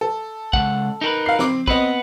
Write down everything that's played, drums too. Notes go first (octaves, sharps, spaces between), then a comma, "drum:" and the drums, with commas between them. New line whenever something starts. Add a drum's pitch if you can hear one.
A4
C#2 F#5, drum: kick
D#4 A#4 B4
F5 C7
C4 D6, drum: snare
B3 C4 B4 D#5, drum: kick